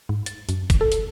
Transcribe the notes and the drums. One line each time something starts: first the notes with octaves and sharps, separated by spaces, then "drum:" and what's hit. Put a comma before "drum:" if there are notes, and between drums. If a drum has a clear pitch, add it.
G#2
A6, drum: hi-hat
F#2, drum: hi-hat
drum: kick, hi-hat
A4
drum: hi-hat